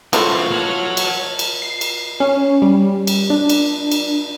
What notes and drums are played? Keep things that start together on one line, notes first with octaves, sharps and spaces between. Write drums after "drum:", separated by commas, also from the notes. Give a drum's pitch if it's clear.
E3 F#3 A3 A#3 C4 F4 C6 C#6, drum: cymbal
F#4 A4 C#5 F6
drum: cymbal
drum: cymbal
C7
drum: cymbal
C#4
G3
drum: cymbal
D4
drum: cymbal
drum: cymbal